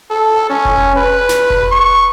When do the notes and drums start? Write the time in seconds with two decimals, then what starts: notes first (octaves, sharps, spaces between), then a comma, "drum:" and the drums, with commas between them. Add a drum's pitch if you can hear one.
0.10 A4
0.50 C#4
0.65 drum: kick F1
0.96 B4
1.29 drum: snare
1.50 drum: kick F1
1.72 C#6